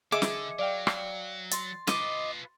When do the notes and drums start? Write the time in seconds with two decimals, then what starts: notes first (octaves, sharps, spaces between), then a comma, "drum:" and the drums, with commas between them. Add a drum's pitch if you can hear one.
0.12 D3 G#4 D#5 E5 D6
0.22 drum: snare
0.59 F#3 D5 F5 G5
0.87 drum: rim click
1.51 C6 A6, drum: hi-hat
1.87 F4 B4 D#5 D6, drum: snare